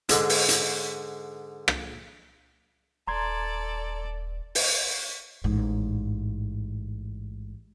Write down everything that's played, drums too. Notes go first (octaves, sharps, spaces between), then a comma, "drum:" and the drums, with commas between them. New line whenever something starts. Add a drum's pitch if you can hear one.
G#2 D3, drum: hi-hat
drum: open hi-hat
drum: hi-hat
drum: rim click
D#1 A4 D5 A#5 C6 G#6
drum: open hi-hat
A1 G#2